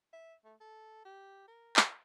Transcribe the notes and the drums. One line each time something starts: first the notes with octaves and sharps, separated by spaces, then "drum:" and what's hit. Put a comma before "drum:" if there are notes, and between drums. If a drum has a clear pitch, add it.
E5
A3
A4
G4
A#4
drum: clap